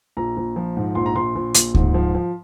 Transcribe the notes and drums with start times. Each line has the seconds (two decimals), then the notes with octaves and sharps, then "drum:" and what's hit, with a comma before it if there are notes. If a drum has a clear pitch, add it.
0.17 A#1 A#5
0.37 A#1
0.56 F3
0.77 G#2
0.95 A#1 C6
1.06 A#5
1.15 A#1 C6
1.35 A#1
1.55 A#1, drum: hi-hat
1.75 G#2, drum: kick D2
1.94 F3
2.14 F3